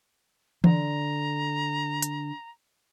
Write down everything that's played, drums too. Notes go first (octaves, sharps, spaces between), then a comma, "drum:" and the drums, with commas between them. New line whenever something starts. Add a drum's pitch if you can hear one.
D3 A#5, drum: tom E3
drum: hi-hat